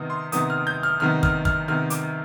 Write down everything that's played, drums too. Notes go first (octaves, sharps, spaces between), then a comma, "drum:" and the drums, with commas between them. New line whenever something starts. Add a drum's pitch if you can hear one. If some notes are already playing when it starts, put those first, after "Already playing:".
Already playing: C3 D#3 B3 D#6 F6
C6
C3 D#3 B3 D#6, drum: hi-hat
F6
G6
F6
C3 D#3 B3 F6
F6, drum: kick
F6, drum: kick
C3 D#3 B3 F6
D6, drum: hi-hat